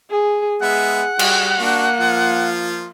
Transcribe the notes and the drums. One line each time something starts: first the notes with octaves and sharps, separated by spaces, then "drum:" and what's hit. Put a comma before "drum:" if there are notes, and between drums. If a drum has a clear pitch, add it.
G#4
G#3 B3 G#4 E5 F#5
G3 F#4 G#4, drum: cymbal
A#3 D4 F#4
F3 F4